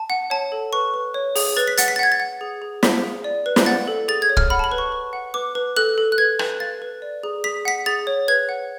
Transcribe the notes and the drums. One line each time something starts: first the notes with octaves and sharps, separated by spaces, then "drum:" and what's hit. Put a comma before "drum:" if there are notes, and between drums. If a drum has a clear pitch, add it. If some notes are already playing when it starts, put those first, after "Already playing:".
Already playing: A5
F#5
C#5 A5
A4
B4 C#6
B4
C#5
G#4, drum: open hi-hat
B4 A6
B6
F#5 A6, drum: hi-hat
B6
A6
F#5 G#6
A6
F#5
G#4
G#4
F#5 B6, drum: snare
G#4
D5
B4
drum: snare
F#5 A6
A4
G#4 A6
G#6
C#5
F6, drum: kick
F#5 B5
A5
B5
B4
C#6
B4
F#5
B4 D6
B4
A4 F#6
A4
F#6
B4 G#6
B4, drum: rim click
F5 A6
B4
D5
G#4
G#4 B6
F#5 B6
G#4 A6
C#5
B4 G#6
F#5